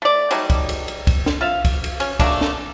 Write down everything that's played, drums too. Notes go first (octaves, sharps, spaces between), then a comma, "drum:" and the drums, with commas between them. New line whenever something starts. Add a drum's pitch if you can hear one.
A3 D5
F#3 G3 A3 D#4, drum: cymbal
drum: kick, cymbal
drum: cymbal
drum: cymbal
drum: kick, cymbal
drum: snare
F4 E5 F5
drum: kick, cymbal
drum: cymbal
C#4, drum: cymbal
F#3 A3 A#3 D4, drum: kick, cymbal
drum: snare